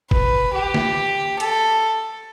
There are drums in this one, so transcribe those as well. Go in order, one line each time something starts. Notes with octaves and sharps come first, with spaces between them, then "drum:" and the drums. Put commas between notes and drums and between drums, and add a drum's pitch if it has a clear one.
B4, drum: kick F#1
G4
drum: snare
A4, drum: hi-hat